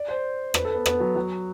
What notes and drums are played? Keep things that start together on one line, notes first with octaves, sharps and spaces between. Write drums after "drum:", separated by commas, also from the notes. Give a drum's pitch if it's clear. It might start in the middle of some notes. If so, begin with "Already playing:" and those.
Already playing: D5
C5
B4, drum: rim click
A4
B3
B3, drum: rim click
F#3
F#3